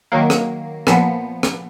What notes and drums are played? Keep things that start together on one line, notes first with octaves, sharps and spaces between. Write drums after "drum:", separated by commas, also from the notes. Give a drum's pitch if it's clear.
D#3 F#3 A#3
drum: rim click
A#2 F3 B3, drum: rim click
drum: rim click